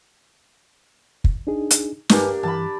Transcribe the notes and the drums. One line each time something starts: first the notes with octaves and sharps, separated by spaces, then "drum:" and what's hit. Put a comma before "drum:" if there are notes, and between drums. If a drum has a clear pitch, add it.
drum: kick
D4 D#4 G#4
drum: hi-hat
G2 A#3 D4 G4 B4 G#5, drum: snare
G2 E3 A5 B5